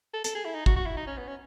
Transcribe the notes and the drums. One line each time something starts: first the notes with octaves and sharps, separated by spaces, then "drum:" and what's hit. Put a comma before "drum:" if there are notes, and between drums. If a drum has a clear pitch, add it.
A4
A4, drum: hi-hat
G#4
E4
D#4
F#4, drum: kick
F#4
E4
D#4
C#4
B3
C#4